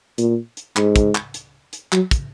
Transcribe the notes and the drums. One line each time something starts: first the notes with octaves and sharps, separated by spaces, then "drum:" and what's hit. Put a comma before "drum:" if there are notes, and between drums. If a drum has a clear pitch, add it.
A#2, drum: hi-hat
drum: hi-hat
G#2, drum: clap
drum: kick, hi-hat
drum: clap
drum: hi-hat
drum: hi-hat
F#3, drum: clap
drum: kick, hi-hat